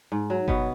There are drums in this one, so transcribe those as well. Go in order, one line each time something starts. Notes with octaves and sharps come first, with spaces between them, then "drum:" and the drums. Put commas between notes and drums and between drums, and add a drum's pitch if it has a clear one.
G#2
F#3
B2 B3, drum: kick G1